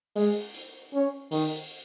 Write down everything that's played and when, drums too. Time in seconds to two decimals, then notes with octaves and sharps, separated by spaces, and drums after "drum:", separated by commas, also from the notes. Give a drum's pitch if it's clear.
0.16 G#3, drum: open hi-hat
0.54 drum: hi-hat
0.93 C#4
1.31 D#3, drum: open hi-hat